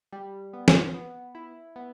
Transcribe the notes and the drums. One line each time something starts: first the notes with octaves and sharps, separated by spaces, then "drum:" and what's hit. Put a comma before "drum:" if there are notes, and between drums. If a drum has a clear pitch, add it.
G3
B3
drum: snare
B3
E4
B3